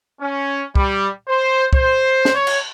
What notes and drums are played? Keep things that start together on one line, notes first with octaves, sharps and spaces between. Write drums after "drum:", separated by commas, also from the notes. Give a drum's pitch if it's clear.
C#4
G3, drum: kick
C5
C5, drum: kick
drum: snare
C#5
drum: cymbal